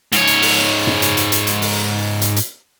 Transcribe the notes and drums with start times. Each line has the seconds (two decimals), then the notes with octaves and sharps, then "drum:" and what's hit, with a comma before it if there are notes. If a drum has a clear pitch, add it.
0.12 G#2 C#5, drum: hi-hat
0.27 drum: hi-hat
0.42 drum: open hi-hat
0.87 drum: tom F#2
1.02 drum: hi-hat
1.17 drum: hi-hat
1.32 drum: hi-hat
1.47 drum: hi-hat
1.62 drum: open hi-hat
2.22 drum: hi-hat
2.36 drum: hi-hat